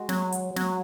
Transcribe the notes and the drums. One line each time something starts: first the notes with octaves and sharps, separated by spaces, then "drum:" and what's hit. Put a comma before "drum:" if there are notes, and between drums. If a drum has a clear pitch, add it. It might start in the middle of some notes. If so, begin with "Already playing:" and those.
Already playing: G#3 F#4
F#3, drum: snare
drum: hi-hat
F#3, drum: snare